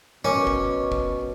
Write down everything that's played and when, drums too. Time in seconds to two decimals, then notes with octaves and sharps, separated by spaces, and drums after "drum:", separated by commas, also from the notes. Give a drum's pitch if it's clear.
0.25 B2 C#4 A#4 C#5 D6, drum: tom G#2
0.47 drum: kick
0.92 drum: kick